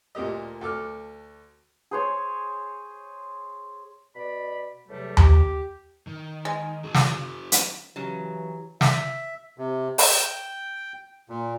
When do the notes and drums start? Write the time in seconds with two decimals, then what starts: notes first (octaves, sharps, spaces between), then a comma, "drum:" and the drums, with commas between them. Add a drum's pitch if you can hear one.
0.15 D2 A#2 A#3 G4 D#5
0.61 D2 A4 D6 F6
1.91 G#4 C5 C#5
4.15 B2 D5 B5
4.88 E2 A2 C3 F#3 G3 A3
5.17 G4, drum: tom D#2
6.07 D#3
6.45 G#3
6.84 F#4 G#4
6.94 drum: snare
7.52 drum: hi-hat
7.96 C#3 E3 F#3 G4 A#5
8.81 E5, drum: snare
9.58 C3
9.98 G5, drum: open hi-hat
11.29 A#2